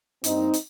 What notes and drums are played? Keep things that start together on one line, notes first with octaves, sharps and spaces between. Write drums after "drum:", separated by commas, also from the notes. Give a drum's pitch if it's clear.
G2 G3 A#3 C4 D#4, drum: hi-hat
drum: hi-hat